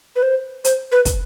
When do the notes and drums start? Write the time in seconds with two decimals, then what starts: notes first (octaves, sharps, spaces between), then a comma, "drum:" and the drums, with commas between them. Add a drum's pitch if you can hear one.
0.16 B4
0.23 C5
0.64 C5, drum: hi-hat
0.92 B4
1.05 drum: kick, hi-hat